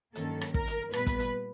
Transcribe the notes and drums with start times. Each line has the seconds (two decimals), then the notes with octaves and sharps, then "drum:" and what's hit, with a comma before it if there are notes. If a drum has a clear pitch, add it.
0.15 G2 D#3 F#3 A#3 C#4 A4, drum: hi-hat
0.41 drum: rim click
0.54 A#4, drum: kick
0.67 drum: hi-hat
0.93 A#2 G3 B3 B4, drum: rim click
1.06 drum: kick, hi-hat
1.20 drum: hi-hat